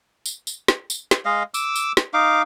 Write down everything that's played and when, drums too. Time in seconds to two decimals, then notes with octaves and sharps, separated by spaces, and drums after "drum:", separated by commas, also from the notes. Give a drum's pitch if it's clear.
0.26 drum: tambourine
0.47 drum: tambourine
0.68 drum: snare
0.90 drum: tambourine
1.11 drum: snare
1.25 G#3 D#5 F5
1.54 D6 E6, drum: tambourine
1.76 drum: tambourine
1.97 drum: snare
2.14 D#4 F5 D6